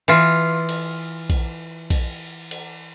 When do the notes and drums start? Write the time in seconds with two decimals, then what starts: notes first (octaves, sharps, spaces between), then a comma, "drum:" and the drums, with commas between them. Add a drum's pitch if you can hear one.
0.08 E3 F4, drum: cymbal
0.69 drum: cymbal
1.30 drum: kick A#1, cymbal
1.90 drum: kick A#1, cymbal
2.51 drum: cymbal